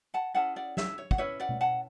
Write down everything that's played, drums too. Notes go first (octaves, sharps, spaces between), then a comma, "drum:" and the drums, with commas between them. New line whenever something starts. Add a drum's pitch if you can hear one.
F#5 A5
C#4 E4 G#4 F#5 A5
D5 F#5
C#5 E5, drum: snare
C#5
F#5, drum: kick
C#4 E4 B4 C#5 E5
D5 F#5
drum: tom B2
F#5 A5